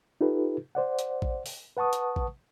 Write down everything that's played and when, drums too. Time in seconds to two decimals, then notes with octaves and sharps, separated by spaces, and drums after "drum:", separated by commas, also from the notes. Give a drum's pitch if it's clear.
0.21 D#4 F4 G4 A4 B4
0.75 C5 D5 F#5
0.99 drum: hi-hat
1.22 drum: kick A1
1.46 drum: open hi-hat
1.77 B4 F#5 A5 C#6 D#6
1.93 drum: hi-hat
2.16 drum: kick A1